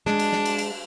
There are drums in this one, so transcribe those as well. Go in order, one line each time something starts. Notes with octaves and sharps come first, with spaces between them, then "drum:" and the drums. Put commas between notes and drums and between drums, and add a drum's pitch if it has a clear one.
G#3 D4, drum: snare
drum: cymbal
drum: snare
drum: cymbal
drum: cymbal